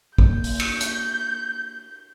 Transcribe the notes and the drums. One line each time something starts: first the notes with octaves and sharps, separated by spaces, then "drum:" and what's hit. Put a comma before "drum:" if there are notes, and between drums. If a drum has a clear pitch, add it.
A#3 G6, drum: kick
drum: open hi-hat
drum: cymbal
drum: hi-hat